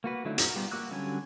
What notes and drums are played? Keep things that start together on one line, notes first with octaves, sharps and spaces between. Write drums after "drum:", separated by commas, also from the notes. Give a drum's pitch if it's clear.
A#3 F#4 B4
D3 F#3 A3 D#4 E4
F#4 A#4, drum: hi-hat
G3 B3 F4 G4
A#3 F#4 D6 E6 F#6
D3 F#3 G3 C#4 G#5